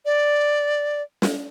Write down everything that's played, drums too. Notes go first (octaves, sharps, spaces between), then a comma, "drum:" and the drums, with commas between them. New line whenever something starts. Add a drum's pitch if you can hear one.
D5
drum: snare